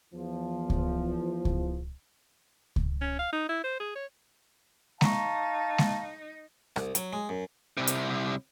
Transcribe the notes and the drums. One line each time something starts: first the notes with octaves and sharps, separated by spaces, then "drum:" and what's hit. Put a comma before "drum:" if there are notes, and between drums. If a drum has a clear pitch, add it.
E2 F3
drum: kick C#2
drum: kick C#2
drum: kick C#2
C#4
F5
D#4
E4
C5
G#4
C#5
D#4 F5 A5 A#5 C#6, drum: snare G#3
drum: snare G#3
C2, drum: rim click
F#3, drum: hi-hat
G#3
F#2
C2 C3
drum: hi-hat